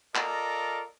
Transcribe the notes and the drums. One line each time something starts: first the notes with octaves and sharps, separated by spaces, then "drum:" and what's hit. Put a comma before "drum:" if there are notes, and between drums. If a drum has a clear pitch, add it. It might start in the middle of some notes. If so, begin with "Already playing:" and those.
F4 A4 A#4 D5 D#5 A#5, drum: clap